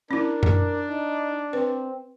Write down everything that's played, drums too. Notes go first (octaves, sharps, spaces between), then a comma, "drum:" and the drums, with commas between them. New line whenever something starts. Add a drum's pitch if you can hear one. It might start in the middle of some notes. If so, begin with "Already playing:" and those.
C#4 D4 E4 A#4
drum: tom F#2
D#4
C4 B4